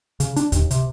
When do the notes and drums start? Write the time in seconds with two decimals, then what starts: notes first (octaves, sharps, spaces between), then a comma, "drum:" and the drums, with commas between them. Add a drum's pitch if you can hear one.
0.20 C#3, drum: hi-hat
0.36 D4, drum: hi-hat
0.52 D#2, drum: kick C#2, hi-hat
0.71 C3, drum: hi-hat